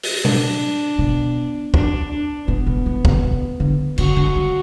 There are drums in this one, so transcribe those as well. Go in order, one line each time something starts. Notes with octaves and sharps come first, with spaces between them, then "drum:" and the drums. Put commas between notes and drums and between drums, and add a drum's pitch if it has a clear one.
drum: open hi-hat
D4, drum: tom B2
B2
D4, drum: kick
D4
A2 B3
B2
A2
D3, drum: kick
B2
D3
D3 F#4, drum: cymbal
D3
F#3